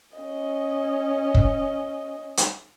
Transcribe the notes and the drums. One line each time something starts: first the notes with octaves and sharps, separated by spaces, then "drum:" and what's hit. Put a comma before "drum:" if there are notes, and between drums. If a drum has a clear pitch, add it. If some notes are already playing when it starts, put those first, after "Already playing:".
C#4 D#5
drum: kick
drum: hi-hat